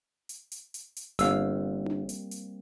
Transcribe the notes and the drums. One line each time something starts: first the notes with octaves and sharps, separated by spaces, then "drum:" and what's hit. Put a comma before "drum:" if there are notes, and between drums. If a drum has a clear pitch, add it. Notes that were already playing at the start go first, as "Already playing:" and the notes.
drum: hi-hat
drum: hi-hat
drum: hi-hat
drum: hi-hat
G1 G3 A#3 C4 F5 E6, drum: hi-hat
drum: tom D4
drum: hi-hat
drum: hi-hat